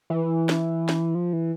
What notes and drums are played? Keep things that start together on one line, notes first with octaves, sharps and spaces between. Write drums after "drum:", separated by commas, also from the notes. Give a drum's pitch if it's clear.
E3
drum: snare
drum: snare
F3
E3